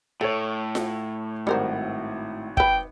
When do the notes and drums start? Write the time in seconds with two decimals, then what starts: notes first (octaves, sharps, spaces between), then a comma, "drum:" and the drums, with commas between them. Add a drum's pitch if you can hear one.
0.21 A2 A3 A4 C#5
0.75 drum: snare F4
1.47 G#1 G3 F#4 A#4 C5
2.57 B4 E5 G5, drum: kick